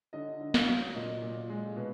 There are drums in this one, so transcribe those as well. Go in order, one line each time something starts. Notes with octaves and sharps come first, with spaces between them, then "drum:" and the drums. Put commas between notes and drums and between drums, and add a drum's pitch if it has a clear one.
D3 D#5
D3
F5, drum: snare
F#3
A#2 D#5
A#2
G#3
B2 B4